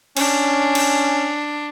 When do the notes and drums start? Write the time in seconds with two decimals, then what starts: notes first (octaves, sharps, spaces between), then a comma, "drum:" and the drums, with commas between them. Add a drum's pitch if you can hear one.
0.17 C#4 D4, drum: cymbal
0.75 drum: cymbal